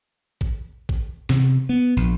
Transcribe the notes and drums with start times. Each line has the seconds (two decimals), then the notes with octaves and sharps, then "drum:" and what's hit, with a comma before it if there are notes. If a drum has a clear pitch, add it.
0.41 drum: kick A1
0.89 drum: kick A1
1.29 C3, drum: snare
1.69 B3
1.97 A#1